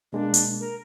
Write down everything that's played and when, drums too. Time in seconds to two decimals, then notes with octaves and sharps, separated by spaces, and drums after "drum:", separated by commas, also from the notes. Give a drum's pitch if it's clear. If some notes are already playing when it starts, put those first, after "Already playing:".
0.13 B2 G#3 A#3 D4
0.34 drum: hi-hat
0.60 A#4